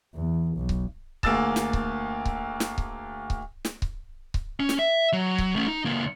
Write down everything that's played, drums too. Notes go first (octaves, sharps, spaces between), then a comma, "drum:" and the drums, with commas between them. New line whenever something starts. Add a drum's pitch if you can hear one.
E2
B1
drum: kick C#1
D2 A#3 G#4 E6 A6 E7, drum: kick C#1
drum: snare
drum: kick C#1
drum: kick C#1
drum: snare
drum: kick C#1
drum: kick C#1
drum: snare
drum: kick C#1
drum: kick C#1
C#4
drum: snare
E5
F#3
drum: kick C#1
A3 C#4
D#4
C#2 A#3